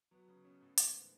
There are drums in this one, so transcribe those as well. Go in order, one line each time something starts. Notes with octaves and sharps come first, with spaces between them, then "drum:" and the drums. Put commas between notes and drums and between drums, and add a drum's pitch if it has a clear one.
B2 F#3 B3
C#3 C#4
B2 B3 C#4
A2 A3
G#2 D#3, drum: hi-hat
E3